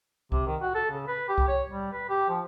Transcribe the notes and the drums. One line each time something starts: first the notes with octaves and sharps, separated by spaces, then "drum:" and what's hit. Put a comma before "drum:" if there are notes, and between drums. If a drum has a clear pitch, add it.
C3, drum: kick C2
D#3
F#4
A4
C#3
B4
G4
drum: kick C2
C#5
G3
B4
G4
F3